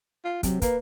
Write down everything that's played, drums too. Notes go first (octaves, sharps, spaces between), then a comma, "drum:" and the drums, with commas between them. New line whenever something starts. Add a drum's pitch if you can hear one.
F4
C3 F#3, drum: kick, hi-hat
A#3 B4, drum: kick, hi-hat